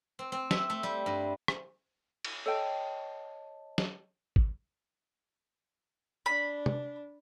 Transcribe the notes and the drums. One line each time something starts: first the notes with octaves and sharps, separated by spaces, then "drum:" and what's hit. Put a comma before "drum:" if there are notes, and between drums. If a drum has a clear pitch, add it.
C4
C4
E5, drum: snare
A3
G3
G2
drum: rim click
drum: cymbal
A4 C#5 D#5 G5 A5
drum: snare
drum: kick G#1
D4 B5
drum: tom C3